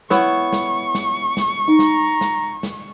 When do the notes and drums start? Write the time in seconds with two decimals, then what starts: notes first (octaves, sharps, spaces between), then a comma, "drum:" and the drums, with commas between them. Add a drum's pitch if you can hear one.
0.10 B3 E4 C#5 C#6, drum: snare
0.53 drum: snare
0.95 drum: snare
1.37 drum: snare
1.68 D#4 A#5
1.79 drum: snare
2.21 drum: snare
2.63 drum: snare